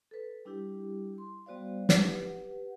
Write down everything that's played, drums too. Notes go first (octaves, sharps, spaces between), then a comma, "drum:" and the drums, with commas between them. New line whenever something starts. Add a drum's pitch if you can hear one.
A4 B4
G3 D4 E4 G4
C6
G3 B3 F#4 C5 D5 F5
G4 B4 F#5, drum: snare